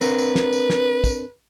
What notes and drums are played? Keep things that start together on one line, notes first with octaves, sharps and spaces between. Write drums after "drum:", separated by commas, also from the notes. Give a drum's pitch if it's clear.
C4 D4 A#4 B4, drum: tambourine
drum: tambourine
drum: snare
drum: tambourine
drum: snare
drum: kick, tambourine